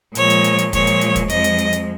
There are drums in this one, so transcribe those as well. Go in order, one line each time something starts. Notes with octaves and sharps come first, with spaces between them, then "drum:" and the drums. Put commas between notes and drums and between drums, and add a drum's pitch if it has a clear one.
A#2 F3 G#3 C#5, drum: hi-hat
drum: hi-hat
drum: hi-hat
drum: hi-hat
A#2 F3 G#3 C#5, drum: kick, hi-hat
drum: hi-hat
drum: hi-hat
drum: kick, hi-hat
F2 F3 G#3 D#5, drum: hi-hat
drum: hi-hat
drum: hi-hat
drum: hi-hat